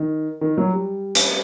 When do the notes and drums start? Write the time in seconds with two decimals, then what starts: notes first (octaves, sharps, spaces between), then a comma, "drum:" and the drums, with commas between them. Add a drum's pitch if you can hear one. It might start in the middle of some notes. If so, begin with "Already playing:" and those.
Already playing: D#3
0.41 D#3
0.58 F#3
0.73 G3
1.15 drum: hi-hat